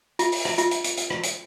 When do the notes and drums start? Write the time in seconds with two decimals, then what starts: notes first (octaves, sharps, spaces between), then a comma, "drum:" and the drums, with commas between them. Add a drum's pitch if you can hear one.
0.19 F4, drum: hi-hat
0.32 drum: open hi-hat
0.45 drum: rim click
0.58 F4, drum: hi-hat
0.71 drum: hi-hat
0.84 drum: hi-hat
0.97 drum: hi-hat
1.10 drum: rim click
1.23 drum: hi-hat